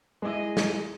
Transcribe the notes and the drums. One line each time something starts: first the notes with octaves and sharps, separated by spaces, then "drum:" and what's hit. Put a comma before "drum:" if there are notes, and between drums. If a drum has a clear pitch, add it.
G#3 E4 G#4 D#5
drum: snare